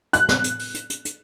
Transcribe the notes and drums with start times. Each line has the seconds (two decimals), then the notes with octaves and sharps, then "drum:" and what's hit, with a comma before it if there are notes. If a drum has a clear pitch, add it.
0.13 F#6, drum: hi-hat
0.29 drum: snare
0.44 drum: hi-hat
0.59 drum: open hi-hat
0.75 drum: hi-hat
0.90 drum: hi-hat
1.05 drum: hi-hat